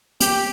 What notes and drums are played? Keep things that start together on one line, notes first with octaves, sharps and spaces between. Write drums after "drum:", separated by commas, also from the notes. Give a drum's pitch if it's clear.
G4, drum: hi-hat